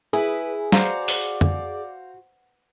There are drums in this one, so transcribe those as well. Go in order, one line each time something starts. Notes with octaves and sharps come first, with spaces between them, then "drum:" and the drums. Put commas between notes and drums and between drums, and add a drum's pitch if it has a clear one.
E4 G#4 B4
F#4 C5 D5 F5 A#5, drum: snare
drum: open hi-hat
drum: tom F2